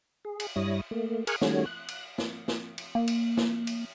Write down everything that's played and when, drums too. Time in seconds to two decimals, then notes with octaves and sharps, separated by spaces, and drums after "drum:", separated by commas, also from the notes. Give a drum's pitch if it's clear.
0.25 G#4
0.40 drum: cymbal
0.56 G2 G3 E4 C#5 D#6 A#6
0.91 A3 A#3
1.27 G#4 A#4 G#5 C#6 F6 F#6, drum: cymbal
1.41 D#3 G3 A3 C#4 F#4 C#5, drum: snare
1.66 F#6
1.88 drum: cymbal
2.18 drum: snare
2.48 drum: snare
2.78 drum: cymbal
2.95 A#3
3.07 drum: cymbal
3.37 drum: snare
3.67 drum: cymbal